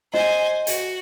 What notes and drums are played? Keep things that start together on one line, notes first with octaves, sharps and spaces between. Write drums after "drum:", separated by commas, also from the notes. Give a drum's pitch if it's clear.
C5 D#5 G#5, drum: snare
F#4, drum: hi-hat